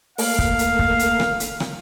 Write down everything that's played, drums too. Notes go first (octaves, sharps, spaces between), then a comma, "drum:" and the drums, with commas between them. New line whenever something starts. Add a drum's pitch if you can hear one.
A3 A#3 F5, drum: open hi-hat
drum: kick
drum: hi-hat
drum: kick
drum: hi-hat
drum: rim click
drum: hi-hat
drum: rim click